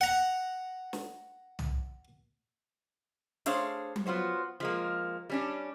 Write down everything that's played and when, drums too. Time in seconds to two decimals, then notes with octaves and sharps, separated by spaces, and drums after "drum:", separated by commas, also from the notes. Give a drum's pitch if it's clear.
0.01 F#5 A#5
0.93 drum: snare
1.59 drum: tom
3.46 A3 D4 G#4 C5 C#5 F5, drum: hi-hat
3.96 drum: tom F#3
4.06 B3 F4 F#4 C5 C#5
4.60 F3 G#3 A#3
5.30 G3 C#4 D4